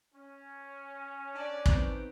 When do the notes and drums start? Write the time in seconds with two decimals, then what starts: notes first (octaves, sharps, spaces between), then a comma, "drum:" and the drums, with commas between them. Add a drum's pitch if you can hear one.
0.15 C#4
1.35 D4 D5
1.66 D#3 B3 C4, drum: kick